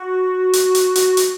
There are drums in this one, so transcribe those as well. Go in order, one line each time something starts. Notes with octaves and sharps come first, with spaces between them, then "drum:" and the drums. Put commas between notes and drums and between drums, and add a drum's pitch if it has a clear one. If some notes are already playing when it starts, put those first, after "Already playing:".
Already playing: F#4
drum: hi-hat
drum: hi-hat
F#4, drum: hi-hat
drum: hi-hat